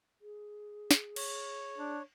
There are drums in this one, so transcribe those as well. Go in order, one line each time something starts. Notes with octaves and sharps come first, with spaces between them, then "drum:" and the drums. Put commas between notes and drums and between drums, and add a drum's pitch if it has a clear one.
G#4
drum: snare
C#5, drum: cymbal
D4